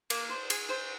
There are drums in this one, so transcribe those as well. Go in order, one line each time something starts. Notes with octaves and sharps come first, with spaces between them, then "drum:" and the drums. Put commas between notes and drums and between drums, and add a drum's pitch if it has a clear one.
A#3, drum: cymbal
C5
G#4, drum: cymbal
C5